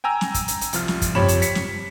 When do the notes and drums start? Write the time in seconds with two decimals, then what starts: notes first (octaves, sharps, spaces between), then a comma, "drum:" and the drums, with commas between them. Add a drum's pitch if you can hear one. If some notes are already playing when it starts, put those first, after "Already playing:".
0.04 G5 G#5 A#5 E6
0.21 drum: snare
0.34 drum: kick, hi-hat
0.48 drum: hi-hat
0.61 drum: hi-hat
0.73 C2 F3 F6, drum: hi-hat
0.88 drum: snare
1.02 drum: kick, hi-hat
1.15 C3 F3 G4 C#5 B5 E7, drum: tom F#2
1.28 drum: hi-hat
1.42 B6 C#7, drum: hi-hat
1.55 drum: snare